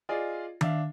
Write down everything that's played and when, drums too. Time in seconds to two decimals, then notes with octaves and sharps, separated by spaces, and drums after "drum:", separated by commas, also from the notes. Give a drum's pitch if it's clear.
0.09 F4 G#4 D5 D#5
0.61 D4 E5 F5, drum: tom D#3